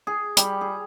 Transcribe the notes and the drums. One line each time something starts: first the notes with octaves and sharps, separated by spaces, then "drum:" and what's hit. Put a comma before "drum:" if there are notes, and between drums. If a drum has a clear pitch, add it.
G#4
G3, drum: hi-hat
G#4